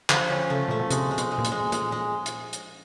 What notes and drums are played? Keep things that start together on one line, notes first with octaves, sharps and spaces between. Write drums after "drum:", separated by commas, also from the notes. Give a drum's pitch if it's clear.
D3 F3, drum: clap
C#4
C#3 A3
A#2 A3
B2
C3 G#3, drum: hi-hat
G#3
B2, drum: hi-hat
G#3
A#2
B2, drum: hi-hat
G#3
A#2 G#3, drum: hi-hat
G#3
drum: hi-hat
drum: hi-hat